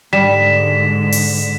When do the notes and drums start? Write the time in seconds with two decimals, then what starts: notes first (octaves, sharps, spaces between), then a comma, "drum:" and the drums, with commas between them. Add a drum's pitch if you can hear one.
0.13 G#2 D3 G3 G#3 B6 E7
1.12 drum: open hi-hat